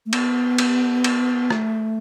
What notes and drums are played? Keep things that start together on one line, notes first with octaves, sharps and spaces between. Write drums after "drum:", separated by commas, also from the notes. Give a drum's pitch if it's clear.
A3
B3, drum: cymbal
drum: cymbal
drum: cymbal
A3, drum: rim click